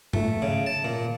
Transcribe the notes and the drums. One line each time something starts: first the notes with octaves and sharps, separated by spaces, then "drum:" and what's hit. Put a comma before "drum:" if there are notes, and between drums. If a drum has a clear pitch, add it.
A3, drum: tom G#2
C#3
A5
A#2